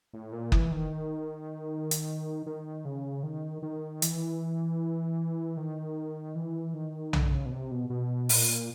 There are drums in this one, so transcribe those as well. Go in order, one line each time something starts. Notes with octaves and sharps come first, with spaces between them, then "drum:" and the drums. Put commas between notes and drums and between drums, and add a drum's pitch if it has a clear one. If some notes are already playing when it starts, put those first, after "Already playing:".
A2
A#2
E3, drum: kick F#1
D#3
drum: hi-hat
D#3
C#3
D#3
D#3
E3, drum: hi-hat
D#3
E3
D#3
D3, drum: tom B1
C#3
B2
C3
B2
B2
A#2, drum: open hi-hat